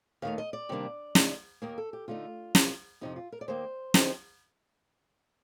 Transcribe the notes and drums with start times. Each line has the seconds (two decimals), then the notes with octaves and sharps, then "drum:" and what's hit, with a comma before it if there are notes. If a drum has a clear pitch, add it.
0.22 D#2 D#3 A3 F5
0.38 D#5
0.53 D5
0.69 C3 D#3 G3 A#3 D4
1.15 D3 A3 D#4, drum: snare
1.62 D#2 D#3 A#3 A#4
1.78 A4
1.93 G4
2.08 D3 A3 D#4 F4
2.55 C3 G3 A#3, drum: snare
3.01 F2 C3 F3 D#4
3.16 F4
3.32 A#4
3.41 D5
3.48 D#2 D#3 A#3 C5
3.94 D3 F3 A3 C4 D#4, drum: snare